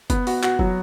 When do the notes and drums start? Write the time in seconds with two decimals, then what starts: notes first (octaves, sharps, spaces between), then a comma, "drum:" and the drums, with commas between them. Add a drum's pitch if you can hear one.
0.10 B3, drum: kick, hi-hat
0.27 F#4, drum: open hi-hat
0.43 F#4, drum: clap
0.59 F#3, drum: kick